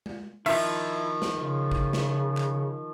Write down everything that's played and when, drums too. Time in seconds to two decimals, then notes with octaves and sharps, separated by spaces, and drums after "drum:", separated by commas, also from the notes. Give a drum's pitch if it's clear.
0.06 drum: tom G#3
0.46 D#3 F3 E4 E5, drum: cymbal
1.22 drum: snare
1.40 C#3
1.72 drum: kick
1.93 drum: snare
2.37 drum: clap